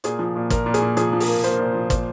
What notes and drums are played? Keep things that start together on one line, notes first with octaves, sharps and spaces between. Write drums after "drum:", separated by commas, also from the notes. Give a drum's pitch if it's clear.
A#2 G#4, drum: hi-hat
F3
A#2
A#2 A#4, drum: kick, hi-hat
A#2
G#4, drum: hi-hat
A#2
F3 G#4, drum: hi-hat
F3
A#4, drum: open hi-hat
A#3
A#3 C5, drum: hi-hat
A#2
F3
A#2 C5, drum: kick, hi-hat